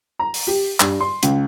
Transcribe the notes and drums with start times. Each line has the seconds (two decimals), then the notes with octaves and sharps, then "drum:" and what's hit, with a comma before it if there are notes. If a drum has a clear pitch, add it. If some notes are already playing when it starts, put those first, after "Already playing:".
0.19 A#5
0.34 drum: open hi-hat
0.47 G4
0.80 G2, drum: clap
1.00 C6
1.23 C#2, drum: hi-hat